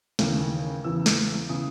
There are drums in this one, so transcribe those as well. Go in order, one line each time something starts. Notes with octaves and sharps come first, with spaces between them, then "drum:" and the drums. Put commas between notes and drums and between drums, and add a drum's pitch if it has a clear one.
D#2 C#3 E3, drum: snare
E2 C#3 E3 E6
drum: snare
C#3 E3 D#6